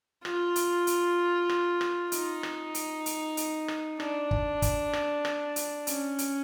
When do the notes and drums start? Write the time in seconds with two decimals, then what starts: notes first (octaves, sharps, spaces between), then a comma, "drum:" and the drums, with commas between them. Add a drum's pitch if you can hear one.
0.25 F4, drum: rim click
0.56 drum: hi-hat
0.87 drum: hi-hat
1.49 drum: rim click
1.81 drum: rim click
2.12 D#4, drum: hi-hat
2.43 drum: rim click
2.75 drum: hi-hat
3.06 drum: hi-hat
3.37 drum: hi-hat
3.68 drum: rim click
4.00 D4, drum: rim click
4.31 drum: kick
4.62 drum: kick, hi-hat
4.93 drum: rim click
5.25 drum: rim click
5.56 drum: hi-hat
5.87 C#4, drum: hi-hat
6.19 drum: hi-hat